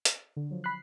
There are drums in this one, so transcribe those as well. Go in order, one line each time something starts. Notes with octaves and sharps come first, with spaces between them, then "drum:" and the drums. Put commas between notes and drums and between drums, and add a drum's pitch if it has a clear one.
drum: hi-hat
D3
F3 F#3
B5 F#6 C7